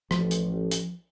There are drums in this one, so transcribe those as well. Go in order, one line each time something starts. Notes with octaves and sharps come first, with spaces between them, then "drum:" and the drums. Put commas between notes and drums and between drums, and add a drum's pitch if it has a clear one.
A1 F3, drum: rim click
drum: hi-hat
drum: hi-hat